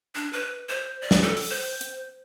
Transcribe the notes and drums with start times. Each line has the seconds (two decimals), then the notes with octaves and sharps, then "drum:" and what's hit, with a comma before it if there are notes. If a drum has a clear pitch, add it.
0.15 D4
0.33 B4
0.69 C5
1.02 D5
1.11 drum: snare
1.23 A4
1.37 drum: open hi-hat
1.50 C5
1.81 drum: hi-hat